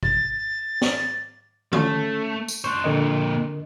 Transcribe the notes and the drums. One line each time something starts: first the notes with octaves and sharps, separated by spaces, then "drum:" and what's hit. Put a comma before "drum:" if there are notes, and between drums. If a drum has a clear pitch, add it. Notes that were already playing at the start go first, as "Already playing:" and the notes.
A6, drum: kick G#1
drum: snare
A3 C#4 A4, drum: tom D3
drum: tambourine
D4 C5 C#6 G6
F2 A#2 D3 A#4 D#5